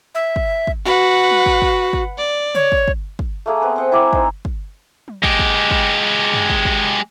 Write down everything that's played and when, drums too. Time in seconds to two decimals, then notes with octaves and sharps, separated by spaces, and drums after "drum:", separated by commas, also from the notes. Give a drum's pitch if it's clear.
0.15 E5
0.36 drum: kick
0.67 drum: kick
0.86 F#4 B4 F#5
1.30 drum: tom F#3
1.46 drum: kick
1.62 drum: kick
1.93 drum: kick
2.18 D5
2.55 C#5, drum: tom C#3
2.72 drum: kick
2.88 drum: kick
3.19 drum: kick
3.46 A3 A#3 G#4
3.62 B3 C4 B4
3.76 C4 F#5 G5
3.92 E4 G#5 A#5 D6
4.13 D#4 C5, drum: kick
4.45 drum: kick
5.08 drum: tom F#3
5.24 G#3 G4, drum: kick
5.39 drum: kick
5.71 drum: kick
6.34 drum: tom F#2
6.49 drum: kick
6.65 drum: kick